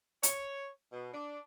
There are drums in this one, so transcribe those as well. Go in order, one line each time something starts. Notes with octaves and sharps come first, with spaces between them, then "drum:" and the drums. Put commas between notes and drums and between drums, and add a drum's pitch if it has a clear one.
C#5, drum: hi-hat
B2
D4